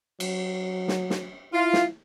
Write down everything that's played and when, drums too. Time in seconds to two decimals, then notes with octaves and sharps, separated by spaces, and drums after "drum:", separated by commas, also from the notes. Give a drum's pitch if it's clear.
0.20 F#3, drum: cymbal
0.88 drum: snare
1.10 drum: snare
1.53 E4 F4
1.73 drum: snare